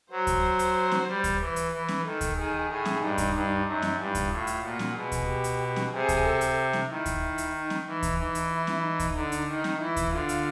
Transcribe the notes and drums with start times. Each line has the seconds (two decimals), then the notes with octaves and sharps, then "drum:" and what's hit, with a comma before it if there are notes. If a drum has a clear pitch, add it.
0.10 F#3 C5
0.27 drum: kick D2, hi-hat
0.59 drum: hi-hat
0.91 drum: snare
1.08 G3
1.24 drum: kick D2, hi-hat
1.40 E3 B4
1.56 drum: hi-hat
1.72 E3
1.88 drum: snare
2.04 D#3 A4
2.21 drum: kick D2, hi-hat
2.37 D#3 G#4
2.69 A2 G#4
2.85 drum: snare
3.01 G2 D#4
3.18 drum: kick D2, hi-hat
3.34 G2
3.66 F#2 D#4
3.82 drum: snare
3.99 G2 E4
4.15 drum: kick D2, hi-hat
4.31 A2 F4
4.47 drum: hi-hat
4.63 A#2 F#4
4.79 drum: snare
4.95 B2 G#4
5.12 drum: kick D2, hi-hat
5.27 G4
5.44 drum: hi-hat
5.76 drum: snare
5.93 C3 G#4
6.09 drum: kick D2, hi-hat
6.25 A4
6.41 drum: hi-hat
6.73 drum: snare
6.89 D#3 E4
7.06 drum: kick D2, hi-hat
7.22 E4
7.38 drum: hi-hat
7.54 D#4
7.70 drum: snare
7.86 E3 D#4
8.03 drum: kick D2, hi-hat
8.18 E3 D#4
8.35 drum: hi-hat
8.50 E4
8.67 drum: snare
8.83 D#4
9.00 drum: kick D2, hi-hat
9.16 D3
9.32 drum: hi-hat
9.48 D#3 D#4
9.64 drum: snare
9.80 E3 E4
9.96 drum: kick D2, hi-hat
10.12 D3 F4
10.29 drum: hi-hat